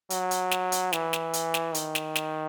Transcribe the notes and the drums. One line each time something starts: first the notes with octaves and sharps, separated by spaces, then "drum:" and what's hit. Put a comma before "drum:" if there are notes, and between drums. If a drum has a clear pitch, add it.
F#3, drum: hi-hat
drum: hi-hat
drum: snare
drum: hi-hat
E3, drum: snare
drum: snare
drum: hi-hat
drum: snare
D#3, drum: hi-hat
drum: snare
drum: snare